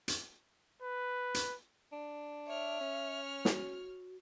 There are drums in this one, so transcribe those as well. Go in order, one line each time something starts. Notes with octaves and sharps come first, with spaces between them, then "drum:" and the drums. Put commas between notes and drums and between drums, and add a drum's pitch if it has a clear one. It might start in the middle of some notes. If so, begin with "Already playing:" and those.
drum: hi-hat
B4
drum: hi-hat
D4
C#5 E5 F6
C#4
F#4, drum: snare